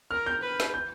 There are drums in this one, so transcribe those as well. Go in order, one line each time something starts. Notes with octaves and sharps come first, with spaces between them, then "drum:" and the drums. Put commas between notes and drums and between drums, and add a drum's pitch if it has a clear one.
A#4 F6
G6
B4
drum: snare
G6